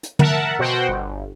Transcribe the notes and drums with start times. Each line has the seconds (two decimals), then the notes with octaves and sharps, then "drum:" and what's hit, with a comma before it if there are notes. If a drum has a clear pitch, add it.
0.03 drum: hi-hat
0.19 A#4 E5 F#5 A5, drum: tom
0.59 B2 F#4 C5 F#5 G5
0.88 G1